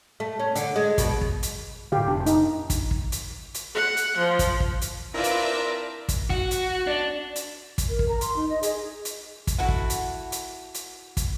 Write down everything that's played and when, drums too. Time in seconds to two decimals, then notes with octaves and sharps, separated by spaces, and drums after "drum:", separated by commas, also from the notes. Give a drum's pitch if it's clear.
0.20 A3
0.39 C#4
0.55 D3, drum: hi-hat
0.76 G#3
0.98 B2, drum: kick, hi-hat
1.21 drum: kick
1.43 drum: hi-hat
1.92 A2 D3 G4 F5
2.05 F1 D4
2.26 D#4, drum: hi-hat
2.70 drum: kick, hi-hat
2.91 drum: kick
3.12 drum: hi-hat
3.54 drum: hi-hat
3.75 F#5
3.97 drum: hi-hat
4.17 F3
4.39 drum: kick, hi-hat
4.60 drum: kick
4.81 drum: hi-hat
5.14 C4 D4 E4 F4 A#4 B4 D5 E5
5.24 drum: hi-hat
6.09 drum: kick, hi-hat
6.30 F#4, drum: kick
6.51 drum: hi-hat
6.87 D4
7.36 drum: hi-hat
7.78 drum: kick, hi-hat
7.89 A#4
7.99 drum: kick
8.09 A#5
8.21 C6, drum: hi-hat
8.36 D#4
8.49 D#5
8.63 G#4, drum: hi-hat
9.05 drum: hi-hat
9.47 drum: kick, hi-hat
9.58 E4 F#4 A4 F#5
9.69 drum: kick
9.90 drum: hi-hat
10.32 drum: hi-hat
10.74 drum: hi-hat
11.17 drum: kick, hi-hat